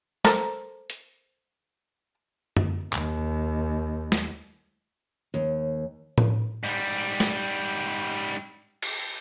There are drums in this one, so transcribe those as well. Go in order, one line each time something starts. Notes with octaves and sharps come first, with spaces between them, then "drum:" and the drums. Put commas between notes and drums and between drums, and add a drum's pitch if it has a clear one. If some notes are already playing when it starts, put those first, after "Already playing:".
A4 A#4 C5, drum: snare G#3
drum: hi-hat
drum: tom F#2
D#2, drum: clap
drum: snare G#3
D#2
drum: tom A2
G#2 G3
drum: snare G#3
drum: cymbal